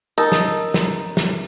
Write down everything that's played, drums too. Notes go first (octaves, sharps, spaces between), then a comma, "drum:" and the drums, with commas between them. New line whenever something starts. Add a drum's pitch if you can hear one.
D#4 A4 A#4
drum: snare
drum: snare
drum: snare